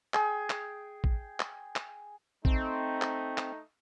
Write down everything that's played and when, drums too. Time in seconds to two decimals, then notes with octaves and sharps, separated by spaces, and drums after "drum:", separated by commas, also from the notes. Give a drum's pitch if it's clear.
0.14 G#4 G5, drum: clap
0.50 drum: clap
1.04 drum: kick
1.40 drum: clap
1.76 drum: clap
2.45 A3 C4 D#4, drum: kick
3.02 drum: clap
3.38 drum: clap